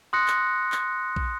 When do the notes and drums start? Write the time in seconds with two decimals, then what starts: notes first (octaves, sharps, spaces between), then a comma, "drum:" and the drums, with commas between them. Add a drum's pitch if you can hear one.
0.13 C6 D#6 F#6 A#6 C#7
0.28 drum: clap
0.72 drum: clap
1.16 drum: kick